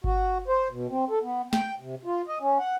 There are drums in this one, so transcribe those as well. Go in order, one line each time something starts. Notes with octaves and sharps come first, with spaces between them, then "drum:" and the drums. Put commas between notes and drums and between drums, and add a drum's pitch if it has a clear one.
F#4, drum: kick G1
C5
B2
C4
A4
B3
G5, drum: snare
C3
F4
D#5
C#4
F#5